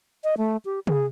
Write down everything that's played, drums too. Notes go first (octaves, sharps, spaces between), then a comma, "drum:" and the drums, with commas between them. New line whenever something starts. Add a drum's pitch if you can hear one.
D#5
A3
G4
G#4, drum: tom